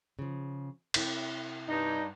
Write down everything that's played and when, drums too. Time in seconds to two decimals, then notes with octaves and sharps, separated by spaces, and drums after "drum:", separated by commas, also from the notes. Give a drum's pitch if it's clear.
0.19 C#3 F3
0.94 C3 E4 G5, drum: cymbal
1.69 G2 D#4